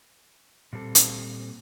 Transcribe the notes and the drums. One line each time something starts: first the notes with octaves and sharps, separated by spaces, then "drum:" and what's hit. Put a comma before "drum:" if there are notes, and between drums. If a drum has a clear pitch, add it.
A#2 G3 C4 A4
drum: hi-hat